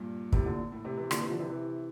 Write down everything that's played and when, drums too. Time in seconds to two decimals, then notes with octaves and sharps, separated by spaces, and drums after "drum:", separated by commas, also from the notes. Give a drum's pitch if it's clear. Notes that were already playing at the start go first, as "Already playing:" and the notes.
Already playing: G2 A#2
0.32 A2 C3, drum: kick
0.45 A#2 D3
0.72 A2
0.85 A2 C3
0.97 C3 E3
1.11 A#2 D3, drum: rim click
1.20 C3 E3
1.29 D3 F3
1.39 C3 E3
1.49 C3 E3